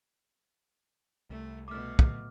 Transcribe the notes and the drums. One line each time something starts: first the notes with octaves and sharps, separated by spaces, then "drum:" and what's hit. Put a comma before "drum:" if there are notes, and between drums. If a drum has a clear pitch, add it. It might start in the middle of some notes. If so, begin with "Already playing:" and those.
C2 A3
B2 A3 D6 F6
drum: kick